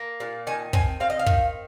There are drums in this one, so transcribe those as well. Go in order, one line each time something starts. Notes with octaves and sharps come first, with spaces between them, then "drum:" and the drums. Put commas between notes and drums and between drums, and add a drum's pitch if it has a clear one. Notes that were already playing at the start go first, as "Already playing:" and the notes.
Already playing: A#3
A#2
D#3 G#5
C4 G#5, drum: kick
C4 F5
D#5
F5
D#3, drum: kick